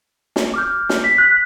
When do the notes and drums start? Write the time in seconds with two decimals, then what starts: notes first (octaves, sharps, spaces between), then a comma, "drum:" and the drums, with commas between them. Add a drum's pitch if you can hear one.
0.36 drum: snare
0.54 D6 F6 G6
0.89 drum: snare
1.04 B6
1.18 F#6